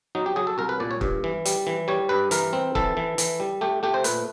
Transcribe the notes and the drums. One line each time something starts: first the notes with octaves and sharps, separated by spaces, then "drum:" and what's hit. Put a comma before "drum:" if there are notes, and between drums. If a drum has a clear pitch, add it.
F#3 D#4
G4
F#3 G#4
A4
C2 A#4
B4
A#2 D5
C#5
G2, drum: kick
E3
G3, drum: hi-hat
E3
G3 C#5
G2 B4
E3 A#4, drum: hi-hat
C4
E3 A4, drum: kick
E3
E3, drum: hi-hat
G3
A3 G4
A3 G4
C5
A#2 B4, drum: hi-hat